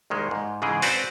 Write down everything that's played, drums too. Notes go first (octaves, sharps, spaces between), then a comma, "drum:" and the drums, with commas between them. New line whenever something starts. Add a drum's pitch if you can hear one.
C2 D#3 G#3 A#3
G#2
G#2 C#3 E3 G#3 G#4 G5
C4 F#4 B4 C5 D5, drum: open hi-hat